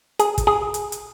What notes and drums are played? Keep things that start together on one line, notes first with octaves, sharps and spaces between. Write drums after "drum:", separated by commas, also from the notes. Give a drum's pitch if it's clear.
G#4, drum: hi-hat
drum: kick, hi-hat
G#4
drum: hi-hat
drum: hi-hat